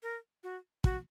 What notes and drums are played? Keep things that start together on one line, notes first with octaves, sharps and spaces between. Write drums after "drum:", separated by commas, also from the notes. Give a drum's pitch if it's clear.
A#4
F#4
F#4, drum: kick